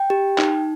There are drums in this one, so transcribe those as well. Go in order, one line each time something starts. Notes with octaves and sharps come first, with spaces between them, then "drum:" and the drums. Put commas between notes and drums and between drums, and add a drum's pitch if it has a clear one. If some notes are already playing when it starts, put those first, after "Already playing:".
Already playing: G5
G4
D#4, drum: clap